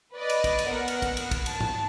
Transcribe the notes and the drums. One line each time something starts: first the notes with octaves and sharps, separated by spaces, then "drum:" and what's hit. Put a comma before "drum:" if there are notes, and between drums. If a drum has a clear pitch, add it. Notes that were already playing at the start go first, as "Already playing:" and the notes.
B4 D5 D#5
drum: cymbal
drum: kick, cymbal
drum: cymbal
B3 A#4 F#5
drum: cymbal
drum: kick, cymbal
drum: cymbal
drum: kick, cymbal
A5, drum: cymbal
drum: tom G#2